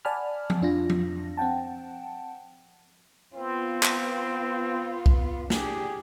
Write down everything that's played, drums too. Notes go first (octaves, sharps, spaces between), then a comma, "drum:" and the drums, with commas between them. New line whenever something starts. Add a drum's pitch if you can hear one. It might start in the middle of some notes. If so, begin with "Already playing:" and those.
D5 F#5 G#5 A5 B5 F6
drum: tom F3
F2 D4 F4 A#6
drum: tom F3
C4 F#5 G5 A5
B3 C4 F4
drum: clap
drum: kick
D4 G4 G#4, drum: snare